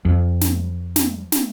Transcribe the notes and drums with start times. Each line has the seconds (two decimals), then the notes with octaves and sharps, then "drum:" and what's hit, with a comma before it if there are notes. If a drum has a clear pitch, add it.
0.05 F2
0.41 drum: snare
0.96 drum: snare
1.32 drum: snare